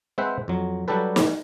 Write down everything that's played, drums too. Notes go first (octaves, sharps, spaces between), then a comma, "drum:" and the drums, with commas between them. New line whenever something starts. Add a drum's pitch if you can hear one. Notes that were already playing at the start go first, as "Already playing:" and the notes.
G#3 C4 B4 C5 E5 F#5
F2 F#3
F#3 G3 D4 G4 A4 B4
drum: snare